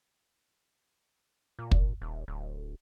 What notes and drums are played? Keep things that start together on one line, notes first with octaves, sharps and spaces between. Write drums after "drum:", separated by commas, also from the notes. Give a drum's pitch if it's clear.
A#2
drum: kick
D#1
D1